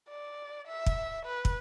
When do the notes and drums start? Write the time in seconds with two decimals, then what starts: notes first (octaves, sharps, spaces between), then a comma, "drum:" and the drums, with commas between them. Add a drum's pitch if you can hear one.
0.08 D5
0.67 E5
0.86 drum: kick
1.25 B4
1.45 drum: kick